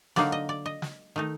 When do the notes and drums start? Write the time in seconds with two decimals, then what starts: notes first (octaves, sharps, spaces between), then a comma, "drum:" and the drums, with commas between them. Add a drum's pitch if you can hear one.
0.16 D3 F#3 A#3 D#4 D5, drum: snare
0.32 D#5
0.49 D5
0.66 D#5
0.82 drum: snare
1.16 D#3 A3 D#4